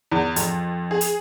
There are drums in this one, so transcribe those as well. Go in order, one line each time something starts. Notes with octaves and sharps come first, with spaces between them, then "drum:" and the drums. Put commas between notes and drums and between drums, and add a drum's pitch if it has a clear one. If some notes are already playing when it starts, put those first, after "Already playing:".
E2
F2, drum: hi-hat
G#4
drum: hi-hat